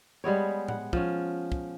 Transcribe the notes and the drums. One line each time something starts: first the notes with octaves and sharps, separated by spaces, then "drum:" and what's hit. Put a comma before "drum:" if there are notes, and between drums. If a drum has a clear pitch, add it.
G3 G#3 B3 C#5
F#5, drum: tom A2
F3 C#4, drum: kick
drum: kick